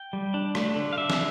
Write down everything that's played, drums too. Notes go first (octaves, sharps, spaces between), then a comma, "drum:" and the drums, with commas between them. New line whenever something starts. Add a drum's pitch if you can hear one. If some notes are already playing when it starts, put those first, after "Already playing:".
Already playing: G5
G3
D4
A3, drum: rim click
D3
F5
D3 E5
drum: snare